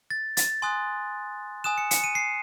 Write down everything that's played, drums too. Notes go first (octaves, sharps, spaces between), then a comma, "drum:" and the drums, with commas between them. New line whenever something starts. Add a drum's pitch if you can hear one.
A6
A6, drum: hi-hat
G#5 C6 D#6 F#6
G#5 D#6 F#6 E7
C#7
C#7, drum: hi-hat
D#7
C7